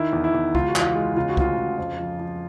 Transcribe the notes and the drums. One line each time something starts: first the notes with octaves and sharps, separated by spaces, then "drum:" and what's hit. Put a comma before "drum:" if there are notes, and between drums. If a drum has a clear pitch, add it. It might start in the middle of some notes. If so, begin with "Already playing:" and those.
Already playing: D#3 E4
E2
E4
E2
C#2 F4, drum: kick C2
F#4
E3 F4, drum: clap
G#3
C#3 F4
F#4
D2 F4, drum: kick C2
C#3
F2
F3
F3